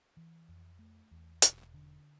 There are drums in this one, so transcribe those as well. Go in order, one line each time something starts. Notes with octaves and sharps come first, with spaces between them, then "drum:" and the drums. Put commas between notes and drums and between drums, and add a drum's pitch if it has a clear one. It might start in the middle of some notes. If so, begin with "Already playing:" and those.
E3
F2
A3
E2
E1, drum: hi-hat
D3